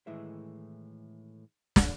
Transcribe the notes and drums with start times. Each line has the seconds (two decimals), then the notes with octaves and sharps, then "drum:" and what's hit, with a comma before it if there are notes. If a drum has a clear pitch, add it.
0.07 A2 D#3 E3 G#3 E5
1.76 drum: snare